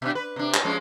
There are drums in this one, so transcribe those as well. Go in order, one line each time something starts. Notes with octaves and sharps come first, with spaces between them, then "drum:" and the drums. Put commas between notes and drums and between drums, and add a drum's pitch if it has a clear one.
B2 D4
B4
C3 D4
drum: clap
F3 G#3 C#4